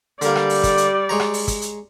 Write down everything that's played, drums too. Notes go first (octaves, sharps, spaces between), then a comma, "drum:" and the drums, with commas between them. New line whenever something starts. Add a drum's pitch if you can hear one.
D3 G3 A#3 D5, drum: hi-hat
drum: rim click
drum: open hi-hat
drum: kick, hi-hat
drum: hi-hat
G#3 C#5 A#5
drum: rim click
drum: open hi-hat
drum: kick, hi-hat
drum: hi-hat